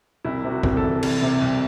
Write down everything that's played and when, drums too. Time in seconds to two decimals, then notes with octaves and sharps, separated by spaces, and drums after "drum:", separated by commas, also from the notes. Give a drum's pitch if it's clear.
0.25 C2 E4
0.44 C3
0.50 F#4
0.63 C2, drum: kick
0.77 A4
0.83 E3
1.03 C2, drum: cymbal
1.22 C3
1.42 C2